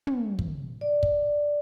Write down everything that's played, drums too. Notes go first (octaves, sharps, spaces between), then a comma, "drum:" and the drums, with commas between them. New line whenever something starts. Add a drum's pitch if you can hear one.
drum: tom
drum: kick
D5
drum: kick